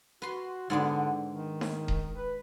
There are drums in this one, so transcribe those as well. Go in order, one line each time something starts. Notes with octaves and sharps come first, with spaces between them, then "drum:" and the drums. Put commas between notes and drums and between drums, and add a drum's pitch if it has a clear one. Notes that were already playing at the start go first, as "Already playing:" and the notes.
F#4 B4 C6
G#2 D3 B3 D4
D#3
drum: snare D#4
drum: kick D#1
B4